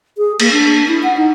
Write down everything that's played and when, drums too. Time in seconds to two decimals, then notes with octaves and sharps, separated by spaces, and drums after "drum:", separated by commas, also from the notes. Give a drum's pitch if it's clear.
0.18 G#4
0.40 A#3, drum: cymbal
0.52 D4
0.88 E4
1.03 F#5
1.17 D#4